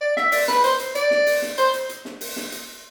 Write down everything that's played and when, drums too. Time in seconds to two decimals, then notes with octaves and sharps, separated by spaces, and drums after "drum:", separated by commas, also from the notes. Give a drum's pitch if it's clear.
0.01 D5
0.17 E5, drum: snare
0.32 D5, drum: open hi-hat
0.48 B4, drum: snare
0.64 C5, drum: hi-hat
0.79 drum: hi-hat
0.95 D5, drum: hi-hat
1.11 drum: snare
1.27 drum: open hi-hat
1.42 drum: snare
1.58 C5, drum: hi-hat
1.74 drum: hi-hat
1.89 drum: hi-hat
2.05 drum: snare
2.21 drum: open hi-hat
2.36 drum: snare
2.52 drum: hi-hat